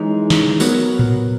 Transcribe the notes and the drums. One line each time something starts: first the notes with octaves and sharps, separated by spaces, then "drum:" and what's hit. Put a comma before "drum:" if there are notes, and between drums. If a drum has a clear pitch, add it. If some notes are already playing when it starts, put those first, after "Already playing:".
Already playing: F#2 E3 G#3 D#4
drum: snare
F#3 B3 F#4 A#4 C#5, drum: tambourine
drum: tom A2